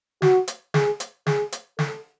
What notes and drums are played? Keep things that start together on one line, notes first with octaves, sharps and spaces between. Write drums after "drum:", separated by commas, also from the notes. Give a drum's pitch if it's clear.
F#4, drum: snare
drum: hi-hat
G#4, drum: snare
drum: hi-hat
G#4, drum: snare
drum: hi-hat
A4, drum: snare